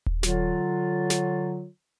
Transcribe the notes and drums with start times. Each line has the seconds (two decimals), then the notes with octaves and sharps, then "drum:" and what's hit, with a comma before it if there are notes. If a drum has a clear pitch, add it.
0.06 drum: kick D#1
0.23 D3 F#3 F4, drum: snare
1.10 drum: snare